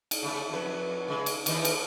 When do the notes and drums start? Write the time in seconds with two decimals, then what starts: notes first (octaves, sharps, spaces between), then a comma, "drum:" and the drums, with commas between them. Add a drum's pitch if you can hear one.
0.11 drum: cymbal
0.23 C#3 A3
0.50 F2 F#3 B4
1.08 C#3 G#3
1.26 drum: cymbal
1.46 D#2 E3 D#4, drum: cymbal
1.65 drum: cymbal